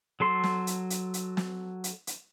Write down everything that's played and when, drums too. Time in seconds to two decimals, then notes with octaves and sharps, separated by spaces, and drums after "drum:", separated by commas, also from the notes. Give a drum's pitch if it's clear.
0.20 F#3 A4 C6
0.44 drum: snare
0.67 drum: hi-hat
0.90 drum: hi-hat
1.14 drum: hi-hat
1.37 drum: snare
1.84 drum: hi-hat
2.07 drum: hi-hat